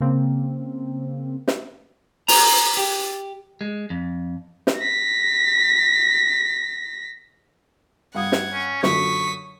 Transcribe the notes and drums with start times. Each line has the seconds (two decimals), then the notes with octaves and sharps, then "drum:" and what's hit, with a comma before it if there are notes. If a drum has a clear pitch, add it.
0.01 C#3 A#3 C4
1.48 drum: snare
2.28 A#5, drum: open hi-hat
2.77 G4
3.61 G#3
3.90 F2
4.67 drum: snare
4.78 A#6 B6
8.15 G2 F5 F#5 D#6 G#6
8.32 drum: snare
8.53 C#4
8.83 F#2 A#2 D3 C#6 D#6 B6, drum: snare